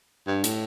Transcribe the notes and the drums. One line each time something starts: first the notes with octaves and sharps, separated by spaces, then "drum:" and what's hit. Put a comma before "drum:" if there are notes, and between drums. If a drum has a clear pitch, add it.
G2
A2, drum: hi-hat